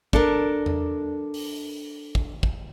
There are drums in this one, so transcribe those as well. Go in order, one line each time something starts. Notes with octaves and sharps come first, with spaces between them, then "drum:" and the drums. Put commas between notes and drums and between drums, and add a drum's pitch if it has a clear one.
D4 A4 A#4, drum: kick
drum: tom E2
drum: open hi-hat
drum: kick
drum: kick